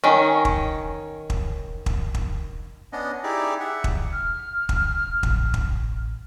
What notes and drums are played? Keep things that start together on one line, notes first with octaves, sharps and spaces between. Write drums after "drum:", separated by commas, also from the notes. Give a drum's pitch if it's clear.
D#3 C#4
drum: kick
drum: kick
drum: kick
drum: kick
B3 C#4 D4 D#5
D#4 E4 G4 G#4 D5
E5 F#5
drum: kick
F6
drum: kick
A1, drum: kick
drum: kick